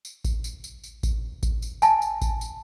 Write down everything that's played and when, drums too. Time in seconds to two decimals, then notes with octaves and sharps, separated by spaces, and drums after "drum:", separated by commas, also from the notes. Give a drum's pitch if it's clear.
0.05 drum: tambourine
0.24 drum: kick A1, tambourine
0.44 drum: tambourine
0.64 drum: tambourine
0.84 drum: tambourine
1.03 drum: kick A1, tambourine
1.43 drum: kick A1, tambourine
1.62 drum: tambourine
1.82 G#5 A5, drum: tambourine
2.02 drum: tambourine
2.22 drum: kick A1, tambourine
2.41 drum: tambourine